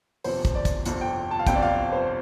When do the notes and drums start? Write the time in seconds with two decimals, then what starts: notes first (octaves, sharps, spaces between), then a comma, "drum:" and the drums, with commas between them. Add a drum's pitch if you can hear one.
0.24 G1 F2 C3 F3 C5, drum: open hi-hat
0.45 drum: kick, hi-hat
0.55 D5
0.65 drum: kick, hi-hat
0.85 G1 F2 C3 F3, drum: hi-hat
1.01 G5
1.31 A5
1.39 F5
1.47 G1 F2 C3 F3 G5, drum: kick, hi-hat
1.55 D5
1.62 F5
1.92 C5